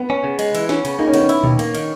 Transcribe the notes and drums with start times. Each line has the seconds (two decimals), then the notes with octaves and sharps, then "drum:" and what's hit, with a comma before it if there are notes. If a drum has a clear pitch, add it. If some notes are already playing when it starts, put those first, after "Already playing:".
Already playing: B3
0.10 C#4
0.24 C#3
0.39 G#3, drum: cymbal
0.55 E3, drum: cymbal
0.69 C#4, drum: snare
0.85 C#3, drum: cymbal
0.99 A#3 D#4
1.07 C#4
1.14 D#3 B3, drum: cymbal
1.21 C#4
1.29 E4, drum: cymbal
1.44 D#2, drum: tom A#2
1.59 A#3, drum: cymbal
1.75 D#3, drum: cymbal